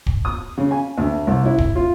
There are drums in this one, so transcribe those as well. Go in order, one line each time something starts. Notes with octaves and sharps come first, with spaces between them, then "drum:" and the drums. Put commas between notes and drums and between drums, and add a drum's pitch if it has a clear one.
drum: kick
D#6
C#3
G#5
D2
C2
E4
drum: kick
F4